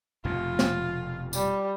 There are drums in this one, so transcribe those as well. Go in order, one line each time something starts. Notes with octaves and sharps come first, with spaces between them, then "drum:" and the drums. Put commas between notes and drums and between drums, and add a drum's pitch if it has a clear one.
F1 F2 B2 F4
drum: snare
G3, drum: tambourine